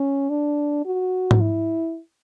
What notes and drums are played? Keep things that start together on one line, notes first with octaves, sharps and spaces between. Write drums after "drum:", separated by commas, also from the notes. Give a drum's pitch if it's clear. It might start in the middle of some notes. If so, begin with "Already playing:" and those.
Already playing: C#4
D4
F#4
drum: tom G#2
E4